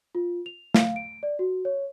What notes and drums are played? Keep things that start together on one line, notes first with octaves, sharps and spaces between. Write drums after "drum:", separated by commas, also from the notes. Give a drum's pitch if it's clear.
F4
F7
F5, drum: snare
D7
D5
F#4
C#5